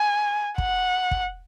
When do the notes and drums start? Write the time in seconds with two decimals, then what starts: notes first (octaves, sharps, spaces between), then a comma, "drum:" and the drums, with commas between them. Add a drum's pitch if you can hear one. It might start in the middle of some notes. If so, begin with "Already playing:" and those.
Already playing: G#5
0.58 F#5, drum: kick
1.11 drum: kick